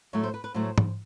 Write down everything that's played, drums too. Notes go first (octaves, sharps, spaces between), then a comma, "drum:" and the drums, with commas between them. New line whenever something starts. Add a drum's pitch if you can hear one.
A2 F#3 A3 C#5
C5
B4
B4
A2 F#3 A3 C5
drum: tom G#2